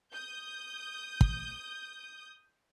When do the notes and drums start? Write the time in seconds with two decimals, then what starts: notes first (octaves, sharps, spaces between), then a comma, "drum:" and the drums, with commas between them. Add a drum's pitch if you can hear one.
0.12 D#6 G6
1.21 drum: kick